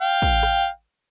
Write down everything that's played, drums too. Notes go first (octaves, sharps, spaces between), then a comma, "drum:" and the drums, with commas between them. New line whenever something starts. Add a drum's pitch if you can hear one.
F5 G5
drum: kick
drum: rim click